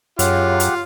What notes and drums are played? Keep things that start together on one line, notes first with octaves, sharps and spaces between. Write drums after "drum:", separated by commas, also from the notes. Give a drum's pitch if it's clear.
F#2 C#3 F4 G4 F#5, drum: hi-hat
drum: hi-hat